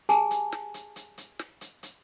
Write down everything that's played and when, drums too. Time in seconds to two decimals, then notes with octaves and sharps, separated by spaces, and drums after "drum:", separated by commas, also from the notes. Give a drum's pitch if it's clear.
0.09 G4 G#4 G#5 A5 D6, drum: hi-hat
0.31 drum: hi-hat
0.52 drum: snare
0.74 drum: hi-hat
0.96 drum: hi-hat
1.18 drum: hi-hat
1.39 drum: snare
1.61 drum: hi-hat
1.83 drum: hi-hat